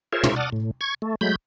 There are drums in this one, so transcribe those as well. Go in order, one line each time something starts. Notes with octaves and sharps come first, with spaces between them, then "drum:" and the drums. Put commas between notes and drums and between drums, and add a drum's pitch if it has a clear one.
F4 G#4 A#4 C5 C#5 E5
drum: tom
D5 F#5 A5 D#6 F6
A2
C#6 G#6
A3
F#3 G#3 A3 B5 G6